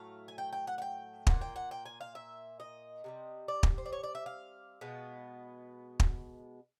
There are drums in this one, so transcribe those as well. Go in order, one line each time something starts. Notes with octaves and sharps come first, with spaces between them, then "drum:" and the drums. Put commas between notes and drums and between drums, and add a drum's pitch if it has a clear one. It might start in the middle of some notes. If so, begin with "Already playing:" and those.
Already playing: A2 F#3 A3 F5
G#5
G5
G5
F#5
F#5
G5
A#2 G3 A#3 F#5, drum: kick
G5
F#5
G5
G#5
F5
E5
D#5
C3 D#3 G3
D5
drum: kick
C5
D5
C#5
D5
E5
F5
B2 G#3 B3
drum: kick